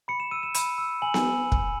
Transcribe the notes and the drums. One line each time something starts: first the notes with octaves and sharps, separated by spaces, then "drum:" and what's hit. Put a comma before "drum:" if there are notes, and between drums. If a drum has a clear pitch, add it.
B5 C#7
E7
E6 D#7
E7
B5 E7, drum: hi-hat
E6
G#5 F#7
drum: snare B3
drum: kick